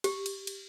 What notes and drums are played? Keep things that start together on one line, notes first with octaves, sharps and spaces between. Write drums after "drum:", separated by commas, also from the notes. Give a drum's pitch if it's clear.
G4, drum: cymbal
drum: cymbal
drum: cymbal